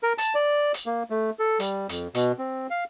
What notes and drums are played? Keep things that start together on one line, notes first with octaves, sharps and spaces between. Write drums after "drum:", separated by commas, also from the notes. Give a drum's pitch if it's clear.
A#4
A5, drum: hi-hat
D5
drum: hi-hat
A#3
A3
A4
G3, drum: hi-hat
F2, drum: hi-hat
B2, drum: hi-hat
C4
F5